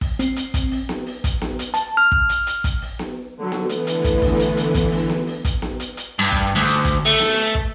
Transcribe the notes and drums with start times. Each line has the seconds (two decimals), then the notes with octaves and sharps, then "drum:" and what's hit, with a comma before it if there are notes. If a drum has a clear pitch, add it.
0.01 drum: kick, open hi-hat
0.19 C4, drum: hi-hat
0.36 drum: hi-hat
0.54 drum: kick, hi-hat
0.71 drum: open hi-hat
0.89 drum: snare B3
1.06 drum: open hi-hat
1.24 drum: kick, hi-hat
1.42 drum: snare B3
1.59 drum: hi-hat
1.74 A5, drum: hi-hat
1.97 F6
2.12 drum: kick
2.29 drum: hi-hat
2.47 drum: hi-hat
2.64 drum: kick, hi-hat
2.82 drum: open hi-hat
2.99 drum: snare B3
3.39 D3 F#3
3.52 drum: snare B3
3.69 D3 E3 A3 B3, drum: hi-hat
3.87 drum: hi-hat
4.04 drum: kick, hi-hat
4.22 drum: kick, open hi-hat
4.39 drum: hi-hat
4.57 drum: hi-hat
4.74 drum: kick, hi-hat
4.92 drum: open hi-hat
5.10 drum: snare B3
5.27 drum: open hi-hat
5.45 drum: kick, hi-hat
5.62 drum: snare B3
5.80 drum: hi-hat
5.97 drum: hi-hat
6.19 G2
6.32 drum: kick, open hi-hat
6.55 D2
6.67 drum: hi-hat
6.85 drum: kick, hi-hat
7.05 A3, drum: open hi-hat
7.20 drum: snare B3
7.37 drum: open hi-hat
7.55 drum: kick